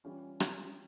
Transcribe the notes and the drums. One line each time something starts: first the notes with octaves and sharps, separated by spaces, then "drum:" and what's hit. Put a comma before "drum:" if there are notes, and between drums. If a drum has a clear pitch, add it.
E3 G3 C#4 F4
drum: rim click